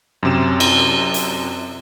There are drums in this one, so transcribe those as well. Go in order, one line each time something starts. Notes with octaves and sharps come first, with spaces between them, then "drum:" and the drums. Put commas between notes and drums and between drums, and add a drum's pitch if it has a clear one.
F#2 C3 E7
drum: cymbal
drum: hi-hat